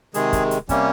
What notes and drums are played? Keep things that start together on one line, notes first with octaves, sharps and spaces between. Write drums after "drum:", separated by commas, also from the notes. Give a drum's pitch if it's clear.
C3 D#3 G#3 G#4, drum: hi-hat
drum: kick, hi-hat
drum: hi-hat
C3 G3 A#3 C#4, drum: kick, hi-hat